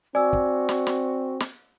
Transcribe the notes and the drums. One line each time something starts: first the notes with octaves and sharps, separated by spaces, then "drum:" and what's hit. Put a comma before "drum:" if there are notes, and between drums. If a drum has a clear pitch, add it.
C4 F#4 D5 G#5 E6
drum: kick
drum: snare
drum: snare
drum: snare